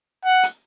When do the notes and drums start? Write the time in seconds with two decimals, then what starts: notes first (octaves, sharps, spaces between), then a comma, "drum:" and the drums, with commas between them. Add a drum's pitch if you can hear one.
0.25 F#5
0.43 drum: hi-hat